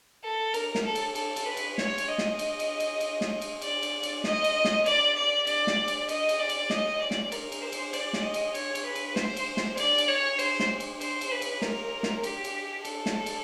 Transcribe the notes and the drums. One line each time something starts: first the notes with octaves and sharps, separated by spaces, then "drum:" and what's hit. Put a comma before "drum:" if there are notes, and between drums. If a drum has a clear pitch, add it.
A4
A#4, drum: cymbal
drum: snare
A4
drum: cymbal
A4, drum: cymbal
drum: cymbal
B4
drum: cymbal
C#5, drum: snare
drum: cymbal
D#5
drum: snare
drum: cymbal
drum: cymbal
drum: cymbal
drum: cymbal
drum: snare
drum: cymbal
D5, drum: cymbal
drum: cymbal
drum: cymbal
D#5, drum: snare
drum: cymbal
drum: snare
D5, drum: cymbal
D5
D5, drum: cymbal
drum: snare
drum: cymbal
D#5, drum: cymbal
drum: cymbal
D5
drum: cymbal
D#5, drum: snare
D5
drum: snare
A#4, drum: cymbal
drum: cymbal
C5
drum: cymbal
D5, drum: cymbal
drum: snare
D#5
drum: cymbal
C#5, drum: cymbal
drum: cymbal
B4
drum: cymbal
C5, drum: snare
drum: cymbal
drum: snare
D5, drum: cymbal
drum: cymbal
C#5
C5, drum: cymbal
drum: snare
drum: cymbal
C5, drum: cymbal
drum: cymbal
B4
drum: cymbal
A#4, drum: snare
drum: snare
G4, drum: cymbal
drum: cymbal
A4, drum: cymbal
drum: snare
drum: cymbal